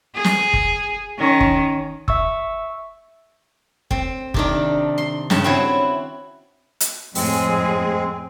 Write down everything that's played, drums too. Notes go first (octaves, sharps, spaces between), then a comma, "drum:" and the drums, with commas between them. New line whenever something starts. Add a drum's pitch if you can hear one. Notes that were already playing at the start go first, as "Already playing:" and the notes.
G#4
drum: snare
drum: kick F#1
D#3 C#4
drum: kick F#1
E5 C#6 E6, drum: kick F#1
C4, drum: kick F#1
C3 D#3 D4, drum: kick F#1
C6
G2 C#3 A5, drum: snare
C4 E4 F#4 C#5
drum: hi-hat
F2 A2 G#3 C4 G#4, drum: open hi-hat